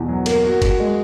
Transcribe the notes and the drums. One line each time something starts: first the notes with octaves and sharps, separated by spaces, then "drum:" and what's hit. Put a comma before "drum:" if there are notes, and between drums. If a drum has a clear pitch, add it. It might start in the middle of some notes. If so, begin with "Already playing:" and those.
Already playing: E2 B2
F#3
A#3, drum: cymbal
F#4
F#4, drum: kick, cymbal
G#3